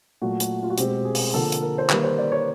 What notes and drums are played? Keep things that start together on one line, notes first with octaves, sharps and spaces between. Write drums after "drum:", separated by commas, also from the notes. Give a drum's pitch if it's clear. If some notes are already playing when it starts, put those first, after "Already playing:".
A#2 F#3 A3 F#4
drum: hi-hat
F4
F#4
B2 G#3 C4 G4, drum: hi-hat
G#4
drum: open hi-hat
D3 F3 A#3 A4
drum: hi-hat
A#4
C5
D#3 G3 A#3 B4, drum: clap
C5
D5
C#5